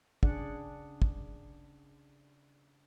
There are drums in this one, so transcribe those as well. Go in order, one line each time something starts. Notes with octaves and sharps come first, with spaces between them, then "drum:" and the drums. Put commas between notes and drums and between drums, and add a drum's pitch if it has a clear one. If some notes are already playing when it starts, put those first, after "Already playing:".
C#3 D4 G#4 D5 F#5, drum: kick
drum: kick